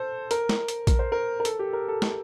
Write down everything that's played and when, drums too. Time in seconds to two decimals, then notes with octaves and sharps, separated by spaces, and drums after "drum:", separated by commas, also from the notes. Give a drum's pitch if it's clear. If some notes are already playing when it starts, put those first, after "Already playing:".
Already playing: A4 C5
0.31 A#4, drum: hi-hat
0.49 drum: snare
0.68 drum: hi-hat
0.87 A#4, drum: kick A#1, hi-hat
0.99 C5
1.12 A#4
1.40 A#4
1.45 A4, drum: hi-hat
1.59 G4
1.73 A#4
1.88 A4
2.02 A4, drum: snare